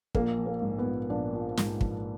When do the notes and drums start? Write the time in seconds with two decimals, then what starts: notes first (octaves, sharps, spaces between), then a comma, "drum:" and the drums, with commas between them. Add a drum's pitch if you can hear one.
0.15 A#1 A#3, drum: kick
0.39 F3
0.46 A#3
0.62 G#2
0.78 B3
0.85 A#1
1.10 A#1 D4
1.33 F3
1.57 G#2, drum: snare
1.81 A#1, drum: kick